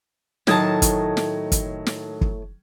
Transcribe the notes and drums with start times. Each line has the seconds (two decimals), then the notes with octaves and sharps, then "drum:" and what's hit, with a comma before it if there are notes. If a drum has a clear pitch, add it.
0.47 A2 D#3 F#3 D#5 A5 G#6, drum: snare
0.82 drum: kick, hi-hat
1.17 drum: snare
1.52 drum: kick, hi-hat
1.86 drum: snare
2.21 drum: kick